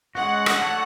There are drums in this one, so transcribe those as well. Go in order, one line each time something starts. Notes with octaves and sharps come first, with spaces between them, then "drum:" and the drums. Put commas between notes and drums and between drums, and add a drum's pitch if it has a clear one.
G#3 C#4 F#4 F#5
drum: rim click
A3 D4 F#4 A4 C#5